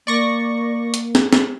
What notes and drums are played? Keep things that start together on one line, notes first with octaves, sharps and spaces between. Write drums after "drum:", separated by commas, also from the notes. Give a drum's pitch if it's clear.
A#3 D5 C#6 A#6
drum: hi-hat
drum: snare
drum: snare